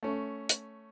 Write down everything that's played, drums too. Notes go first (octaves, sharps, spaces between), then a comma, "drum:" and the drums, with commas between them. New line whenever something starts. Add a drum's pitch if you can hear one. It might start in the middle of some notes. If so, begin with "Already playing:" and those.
A3 C#4
drum: hi-hat